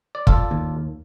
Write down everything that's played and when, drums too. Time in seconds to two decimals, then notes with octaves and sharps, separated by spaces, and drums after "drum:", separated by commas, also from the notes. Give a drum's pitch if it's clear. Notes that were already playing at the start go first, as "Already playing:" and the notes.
0.15 D5
0.27 F4 A4 D5, drum: kick
0.51 D#2